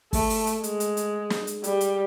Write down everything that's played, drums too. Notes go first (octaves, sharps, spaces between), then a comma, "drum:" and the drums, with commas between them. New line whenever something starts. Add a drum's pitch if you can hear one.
A3, drum: kick, open hi-hat
drum: open hi-hat
drum: hi-hat
G#3, drum: hi-hat
drum: hi-hat
drum: hi-hat
drum: snare
drum: hi-hat
G3, drum: hi-hat
drum: hi-hat